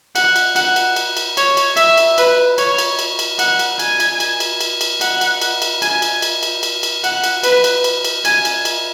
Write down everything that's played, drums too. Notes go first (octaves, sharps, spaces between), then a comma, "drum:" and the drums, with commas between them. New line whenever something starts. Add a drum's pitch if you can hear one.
F#5, drum: cymbal
drum: cymbal
F#5, drum: cymbal
drum: cymbal
drum: cymbal
drum: cymbal
C#5, drum: cymbal
drum: cymbal
E5, drum: cymbal
drum: cymbal
B4, drum: cymbal
C#5, drum: cymbal
drum: cymbal
drum: cymbal
drum: cymbal
F#5, drum: cymbal
drum: cymbal
G#5, drum: cymbal
drum: cymbal
drum: cymbal
drum: cymbal
drum: cymbal
drum: cymbal
F#5, drum: cymbal
drum: cymbal
drum: cymbal
drum: cymbal
G#5, drum: cymbal
drum: cymbal
drum: cymbal
drum: cymbal
drum: cymbal
drum: cymbal
F#5, drum: cymbal
drum: cymbal
B4, drum: cymbal
drum: cymbal
drum: cymbal
drum: cymbal
G#5, drum: cymbal
drum: cymbal
drum: cymbal